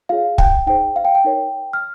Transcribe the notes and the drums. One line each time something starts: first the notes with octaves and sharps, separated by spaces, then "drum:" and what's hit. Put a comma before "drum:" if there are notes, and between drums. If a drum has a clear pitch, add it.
F4 G#4 C#5 F5
G5, drum: kick
D#4 G#4 C5 G5
F5
G5
G5
D#4 A#4 C#5
F6